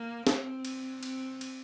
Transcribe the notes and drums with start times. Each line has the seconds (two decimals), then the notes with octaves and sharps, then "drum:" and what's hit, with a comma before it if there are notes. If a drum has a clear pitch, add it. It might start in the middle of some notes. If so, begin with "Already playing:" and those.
Already playing: A#3
0.27 C4, drum: snare
0.65 drum: cymbal
1.03 C4, drum: cymbal
1.41 drum: cymbal